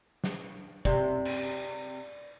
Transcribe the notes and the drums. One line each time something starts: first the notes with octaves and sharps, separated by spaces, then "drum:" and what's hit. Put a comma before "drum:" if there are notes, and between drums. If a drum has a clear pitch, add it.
drum: snare
C3 D5, drum: kick
drum: cymbal